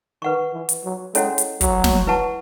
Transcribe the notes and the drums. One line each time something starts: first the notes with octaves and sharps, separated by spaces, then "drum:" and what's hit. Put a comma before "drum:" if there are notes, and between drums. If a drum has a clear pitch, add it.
D#3 B4 F#5 C#6
E3
drum: hi-hat
F#3
G#3 C#4 E4 A4 C#5 F#5, drum: hi-hat
drum: hi-hat
F#3, drum: kick, hi-hat
drum: snare
E4 B4 F#5 A5 C#6